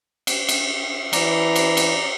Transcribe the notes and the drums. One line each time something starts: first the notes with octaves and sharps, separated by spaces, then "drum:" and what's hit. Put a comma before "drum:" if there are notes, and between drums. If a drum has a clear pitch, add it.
drum: cymbal
drum: cymbal
E3 D5 A#5, drum: cymbal
drum: cymbal
drum: cymbal